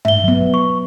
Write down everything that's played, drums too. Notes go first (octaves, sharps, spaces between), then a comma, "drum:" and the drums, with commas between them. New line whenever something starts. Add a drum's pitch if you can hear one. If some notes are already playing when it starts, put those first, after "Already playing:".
E5 G7, drum: tom G2
F#3 B3
C#6